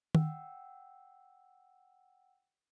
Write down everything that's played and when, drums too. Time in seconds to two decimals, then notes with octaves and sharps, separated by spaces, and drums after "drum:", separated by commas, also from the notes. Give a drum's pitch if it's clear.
0.15 F#5 G5 E6, drum: tom D#3